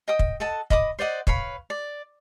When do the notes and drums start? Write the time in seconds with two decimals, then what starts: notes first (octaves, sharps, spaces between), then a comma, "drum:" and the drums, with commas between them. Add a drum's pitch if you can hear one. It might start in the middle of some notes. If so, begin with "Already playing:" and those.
0.08 D#5 G5 D#6
0.19 drum: kick
0.40 A4 D#5 F#5 A5
0.70 D#5 B5 D6 D#6, drum: kick
0.99 C5 D5 D#5 F#5
1.27 B4 C#5 F5 B5, drum: kick
1.70 D5